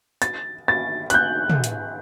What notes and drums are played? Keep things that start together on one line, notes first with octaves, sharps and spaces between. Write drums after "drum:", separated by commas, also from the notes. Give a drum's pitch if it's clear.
A6, drum: hi-hat
A6
F#6, drum: hi-hat
G6
drum: tom
drum: hi-hat